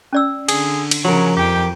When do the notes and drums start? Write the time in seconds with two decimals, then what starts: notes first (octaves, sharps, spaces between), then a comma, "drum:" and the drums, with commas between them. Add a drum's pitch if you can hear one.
0.13 C#4 D5 E6
0.49 D3 G#4, drum: cymbal
0.91 drum: cymbal
1.04 C#3 F3 F#3 A#4
1.37 F2 G4 G5